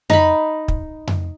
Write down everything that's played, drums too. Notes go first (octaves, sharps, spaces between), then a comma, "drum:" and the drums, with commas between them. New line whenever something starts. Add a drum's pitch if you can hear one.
D#4 B5, drum: tom F2
drum: kick
drum: tom F2